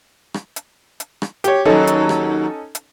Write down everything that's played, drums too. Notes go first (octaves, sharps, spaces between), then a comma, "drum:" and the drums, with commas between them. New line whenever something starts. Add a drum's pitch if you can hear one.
drum: rim click
drum: hi-hat
drum: hi-hat
drum: rim click
G4 C#5, drum: hi-hat
D#2 F#3 C#4 D#4 A4
drum: hi-hat
drum: rim click
drum: hi-hat